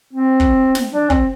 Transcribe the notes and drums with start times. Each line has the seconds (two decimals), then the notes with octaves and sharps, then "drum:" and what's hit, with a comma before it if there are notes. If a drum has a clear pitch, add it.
0.13 C4
0.40 drum: kick
0.75 drum: snare
0.93 D4
1.10 C4, drum: kick